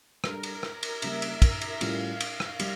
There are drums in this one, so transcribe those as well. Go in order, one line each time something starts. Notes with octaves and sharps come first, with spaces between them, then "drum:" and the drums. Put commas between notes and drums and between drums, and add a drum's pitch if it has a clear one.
G3 D4 A4 A#4, drum: rim click
drum: cymbal
drum: rim click
drum: cymbal
C#3 G3 A#3 E5, drum: cymbal
drum: cymbal
drum: kick, cymbal
drum: cymbal
A2 G3 C#4 F4 A#4 F5, drum: cymbal
drum: cymbal
drum: rim click
G3, drum: cymbal